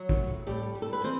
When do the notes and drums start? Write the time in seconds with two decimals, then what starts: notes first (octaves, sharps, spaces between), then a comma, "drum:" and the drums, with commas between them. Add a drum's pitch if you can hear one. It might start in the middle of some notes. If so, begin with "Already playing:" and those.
Already playing: F#3 F#4
0.09 drum: kick
0.19 A2
0.47 A2 G3 G4
0.75 G3
0.82 A4
0.93 B4
1.04 E3 C4 C5